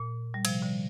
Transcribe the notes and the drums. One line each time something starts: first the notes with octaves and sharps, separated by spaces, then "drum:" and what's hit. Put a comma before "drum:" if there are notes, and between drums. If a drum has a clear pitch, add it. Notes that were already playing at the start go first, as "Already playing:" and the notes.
Already playing: A#2
G3
C3 F3, drum: cymbal
D3 G3